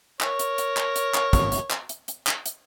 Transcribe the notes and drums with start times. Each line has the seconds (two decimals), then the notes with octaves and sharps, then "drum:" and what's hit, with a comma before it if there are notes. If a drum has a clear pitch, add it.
0.21 A#4 C#5, drum: clap
0.39 drum: hi-hat
0.58 drum: hi-hat
0.77 drum: clap
0.96 drum: hi-hat
1.14 drum: clap
1.33 drum: kick, hi-hat
1.52 drum: hi-hat
1.71 drum: clap
1.89 drum: hi-hat
2.08 drum: hi-hat
2.27 drum: clap
2.46 drum: hi-hat